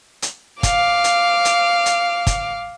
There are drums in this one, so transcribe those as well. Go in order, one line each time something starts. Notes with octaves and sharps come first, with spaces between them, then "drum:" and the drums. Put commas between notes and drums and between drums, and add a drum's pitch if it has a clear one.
drum: hi-hat
F5 D6, drum: kick, hi-hat
drum: hi-hat
drum: hi-hat
drum: hi-hat
drum: kick, hi-hat